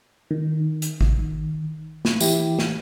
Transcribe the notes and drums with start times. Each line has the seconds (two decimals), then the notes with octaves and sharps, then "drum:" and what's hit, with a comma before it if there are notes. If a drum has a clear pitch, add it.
0.31 D#3
0.82 drum: hi-hat
1.01 drum: kick
2.05 drum: snare
2.21 E3 E4 G4, drum: tambourine
2.59 drum: snare